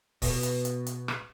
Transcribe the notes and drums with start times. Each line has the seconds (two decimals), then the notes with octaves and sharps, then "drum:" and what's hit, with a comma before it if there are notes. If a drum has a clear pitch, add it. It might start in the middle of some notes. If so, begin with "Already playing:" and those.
0.22 B2, drum: kick C#1, open hi-hat
0.43 drum: hi-hat
0.65 drum: hi-hat
0.86 drum: hi-hat
1.08 drum: rim click